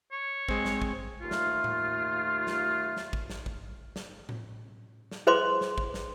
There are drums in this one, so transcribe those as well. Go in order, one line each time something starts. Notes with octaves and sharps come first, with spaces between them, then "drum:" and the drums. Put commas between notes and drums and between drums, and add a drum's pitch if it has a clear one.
C#5
G#3 C4, drum: kick
drum: snare
drum: kick
D#2 A3 F4
drum: snare
drum: tom A2
drum: snare
drum: snare
drum: kick
drum: snare
drum: kick
drum: snare
drum: tom A2
drum: snare
G#4 B4 C5 C6 D6
drum: snare
drum: kick
drum: snare